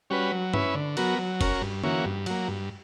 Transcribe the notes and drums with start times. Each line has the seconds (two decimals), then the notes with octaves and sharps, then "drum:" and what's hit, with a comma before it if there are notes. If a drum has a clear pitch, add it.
0.10 G3 C#4 F#4 B4
0.32 F#3
0.54 C#4 E4 B4, drum: tom G2
0.75 D3
0.97 F#3 B3 F#4 A#4, drum: cymbal
1.19 F#3
1.41 C#4 F#4 A#4, drum: kick, cymbal
1.61 G2
1.84 E3 A#3 C#4 F#4, drum: tom D3
2.05 G2
2.26 F#3 A#3, drum: cymbal
2.48 G2